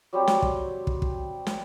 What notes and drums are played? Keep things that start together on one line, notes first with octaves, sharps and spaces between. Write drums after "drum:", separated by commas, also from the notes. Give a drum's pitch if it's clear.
F#3 G3 C4
drum: snare
drum: kick
drum: kick
drum: kick
drum: snare